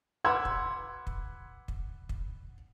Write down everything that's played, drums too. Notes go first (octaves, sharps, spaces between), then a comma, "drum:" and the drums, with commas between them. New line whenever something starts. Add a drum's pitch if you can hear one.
F#4 B4 F#5 B5 C6 D6 E6 G#6
drum: kick
drum: kick
drum: kick
drum: kick